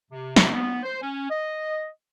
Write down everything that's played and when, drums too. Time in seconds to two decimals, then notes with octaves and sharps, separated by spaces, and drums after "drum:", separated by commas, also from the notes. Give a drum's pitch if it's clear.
0.11 C3
0.36 C3, drum: snare
0.53 B3
0.83 C5
1.02 C#4
1.30 D#5